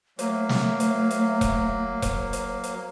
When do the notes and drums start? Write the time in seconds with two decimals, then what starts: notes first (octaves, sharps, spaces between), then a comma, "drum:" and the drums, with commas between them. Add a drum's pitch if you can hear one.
0.19 F#3 A3 A#3, drum: hi-hat
0.49 drum: snare
0.80 drum: hi-hat
1.11 drum: hi-hat
1.41 drum: kick E1, hi-hat
2.02 drum: kick E1, hi-hat
2.33 drum: hi-hat
2.64 drum: hi-hat